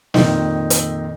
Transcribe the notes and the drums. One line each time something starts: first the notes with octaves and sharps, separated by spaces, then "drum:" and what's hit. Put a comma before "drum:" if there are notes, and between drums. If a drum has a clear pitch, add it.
F2 A#2 D#3 C4 D#4, drum: snare
drum: hi-hat